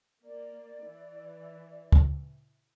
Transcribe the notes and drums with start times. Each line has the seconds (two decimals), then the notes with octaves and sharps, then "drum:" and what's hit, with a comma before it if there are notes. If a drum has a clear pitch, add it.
0.24 A#3 D5
0.85 E3
1.92 drum: kick